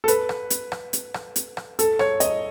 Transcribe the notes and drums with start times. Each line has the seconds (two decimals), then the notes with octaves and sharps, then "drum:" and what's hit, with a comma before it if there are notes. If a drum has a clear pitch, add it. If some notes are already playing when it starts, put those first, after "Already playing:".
0.04 A4
0.08 B4, drum: hi-hat
0.29 drum: rim click
0.50 drum: hi-hat
0.72 drum: rim click
0.93 drum: hi-hat
1.14 drum: rim click
1.36 drum: hi-hat
1.57 drum: rim click
1.79 A4, drum: hi-hat
1.99 C#5, drum: rim click
2.20 D#5, drum: hi-hat